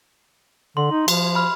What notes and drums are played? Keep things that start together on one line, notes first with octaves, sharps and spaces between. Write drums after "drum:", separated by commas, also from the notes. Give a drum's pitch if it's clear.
D3 C6
D#4
F3, drum: cymbal
B5 F6